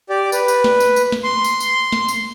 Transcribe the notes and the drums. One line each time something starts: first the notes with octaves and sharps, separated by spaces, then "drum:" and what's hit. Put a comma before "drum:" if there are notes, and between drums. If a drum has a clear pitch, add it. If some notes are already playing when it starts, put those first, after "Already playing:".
G4 D5
B4, drum: tambourine
drum: tambourine
drum: snare
drum: tambourine
drum: tambourine
drum: snare
C6
drum: tambourine
drum: tambourine
drum: snare
drum: tambourine